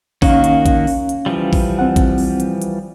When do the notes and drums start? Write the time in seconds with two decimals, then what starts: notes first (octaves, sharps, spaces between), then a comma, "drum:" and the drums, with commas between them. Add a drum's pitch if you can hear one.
0.22 D#3 A#3 C#4 F#4 F5, drum: kick A#1, open hi-hat
0.44 drum: hi-hat
0.66 drum: kick A#1, hi-hat
0.87 drum: open hi-hat
1.09 drum: hi-hat
1.26 E3 F3 G3
1.53 drum: kick A#1, open hi-hat
1.79 C4 F#5
1.96 drum: kick A#1, hi-hat
2.18 drum: open hi-hat
2.40 drum: hi-hat
2.62 drum: hi-hat